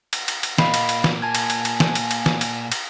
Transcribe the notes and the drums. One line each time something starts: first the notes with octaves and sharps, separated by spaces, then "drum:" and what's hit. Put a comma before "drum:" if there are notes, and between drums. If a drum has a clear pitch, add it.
drum: cymbal
drum: cymbal
drum: cymbal
A#2 A#3 D#5 F5 B5 C7, drum: snare
drum: cymbal
drum: cymbal
drum: snare
G#5 A5 G#6
drum: cymbal
drum: cymbal
drum: cymbal
drum: snare
drum: cymbal
drum: cymbal
drum: snare
drum: cymbal
drum: cymbal